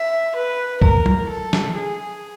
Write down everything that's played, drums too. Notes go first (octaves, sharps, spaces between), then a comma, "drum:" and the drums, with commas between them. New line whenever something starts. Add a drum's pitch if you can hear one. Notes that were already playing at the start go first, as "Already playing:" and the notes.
Already playing: E5
B4
A#4, drum: kick
drum: tom F#3
A4
drum: snare
G#4